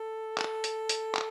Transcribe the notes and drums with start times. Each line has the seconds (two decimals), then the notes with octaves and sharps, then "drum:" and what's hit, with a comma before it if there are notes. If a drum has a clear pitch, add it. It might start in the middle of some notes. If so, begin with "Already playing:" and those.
Already playing: A4
0.38 A4, drum: clap
0.64 drum: hi-hat
0.89 drum: hi-hat
1.15 drum: clap